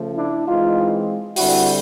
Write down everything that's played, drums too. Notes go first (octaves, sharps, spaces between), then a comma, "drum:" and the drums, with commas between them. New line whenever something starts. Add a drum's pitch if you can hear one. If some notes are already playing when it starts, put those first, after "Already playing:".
Already playing: C#3 F3 A3
D4 E4
E3 G#3 C4 D#4 F4
D3 G3 C4 E4 F#4, drum: open hi-hat